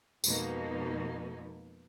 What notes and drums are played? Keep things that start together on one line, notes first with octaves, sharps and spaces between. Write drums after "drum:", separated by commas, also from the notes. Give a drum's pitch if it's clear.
F2 B2 G#3 A#3 B3 D#4, drum: tambourine